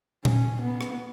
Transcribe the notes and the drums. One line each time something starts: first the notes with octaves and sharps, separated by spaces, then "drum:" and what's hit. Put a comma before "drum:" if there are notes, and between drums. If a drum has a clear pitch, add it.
C#4, drum: tom A#2
B3
drum: rim click